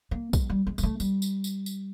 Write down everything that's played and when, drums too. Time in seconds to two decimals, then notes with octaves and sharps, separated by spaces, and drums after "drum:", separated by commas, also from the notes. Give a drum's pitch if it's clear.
0.11 A#3
0.33 G#3, drum: kick, tambourine
0.50 G3
0.67 G#3
0.78 G#3, drum: tambourine
0.83 A3
1.00 G3, drum: tambourine
1.22 drum: tambourine
1.44 drum: tambourine
1.66 drum: tambourine